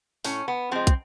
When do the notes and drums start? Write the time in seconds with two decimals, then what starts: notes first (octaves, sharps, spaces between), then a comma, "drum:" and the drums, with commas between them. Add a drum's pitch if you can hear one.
0.25 A2 C#4, drum: open hi-hat
0.48 B3
0.71 F3 G#3 C4
0.87 drum: kick, hi-hat